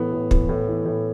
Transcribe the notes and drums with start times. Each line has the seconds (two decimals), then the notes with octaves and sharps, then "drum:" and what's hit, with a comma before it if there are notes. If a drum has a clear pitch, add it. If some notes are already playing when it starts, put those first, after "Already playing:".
Already playing: A2 E3 B3
0.12 A2
0.31 E3, drum: kick
0.49 A2
0.68 E3
0.85 A2